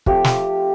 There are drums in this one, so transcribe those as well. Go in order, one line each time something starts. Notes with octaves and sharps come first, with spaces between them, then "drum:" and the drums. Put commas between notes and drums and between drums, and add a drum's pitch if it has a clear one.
F3 A3 C4 G4, drum: kick
drum: snare